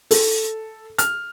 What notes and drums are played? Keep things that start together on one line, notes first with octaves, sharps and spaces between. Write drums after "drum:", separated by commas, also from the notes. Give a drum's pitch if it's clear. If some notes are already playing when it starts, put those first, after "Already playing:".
A4, drum: open hi-hat
F6, drum: hi-hat